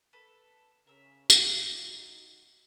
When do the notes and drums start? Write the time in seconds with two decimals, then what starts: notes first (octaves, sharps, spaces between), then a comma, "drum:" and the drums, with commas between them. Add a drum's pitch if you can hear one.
0.13 A4 B4
0.87 C#3 A#4 E5
1.30 D#4 F#4, drum: tambourine